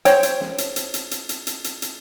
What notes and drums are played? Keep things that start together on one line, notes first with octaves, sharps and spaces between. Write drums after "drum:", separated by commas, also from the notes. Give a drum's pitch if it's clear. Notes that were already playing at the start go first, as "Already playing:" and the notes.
C5 C#5 G5, drum: hi-hat
drum: hi-hat
drum: snare
drum: hi-hat
drum: hi-hat
drum: hi-hat
drum: hi-hat
drum: hi-hat
drum: hi-hat
drum: hi-hat
drum: hi-hat